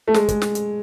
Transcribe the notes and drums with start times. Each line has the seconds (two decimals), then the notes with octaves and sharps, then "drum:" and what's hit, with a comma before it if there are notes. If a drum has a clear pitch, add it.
0.08 A3
0.14 G#3, drum: snare
0.28 G#3, drum: kick, hi-hat
0.42 drum: snare
0.55 drum: hi-hat